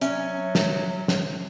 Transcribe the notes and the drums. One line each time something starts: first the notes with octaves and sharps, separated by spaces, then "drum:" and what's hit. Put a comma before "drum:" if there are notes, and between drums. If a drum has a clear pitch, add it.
F#3 C#4 E5, drum: hi-hat
drum: snare
drum: snare